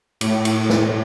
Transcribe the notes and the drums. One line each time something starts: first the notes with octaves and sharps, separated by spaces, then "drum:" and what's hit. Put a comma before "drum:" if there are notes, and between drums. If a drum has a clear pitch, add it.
A2, drum: cymbal
drum: cymbal
drum: snare